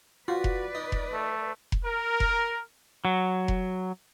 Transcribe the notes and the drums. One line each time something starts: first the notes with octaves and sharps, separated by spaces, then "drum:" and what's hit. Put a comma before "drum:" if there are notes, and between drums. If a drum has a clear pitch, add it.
F4 F#4 B4 D5
drum: kick F1
D#4
drum: kick F1
A3
drum: kick F1
A#4
drum: kick F1
F#3
drum: kick F1